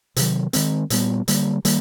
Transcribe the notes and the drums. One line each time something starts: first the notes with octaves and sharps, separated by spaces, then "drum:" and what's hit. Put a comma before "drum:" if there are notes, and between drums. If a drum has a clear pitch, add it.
C3 D#3 F#3, drum: hi-hat
D#3 G#3 C4, drum: hi-hat
A#2 G3 B3, drum: hi-hat
D3 G3 A#3, drum: hi-hat
D#3 G3 A#3, drum: hi-hat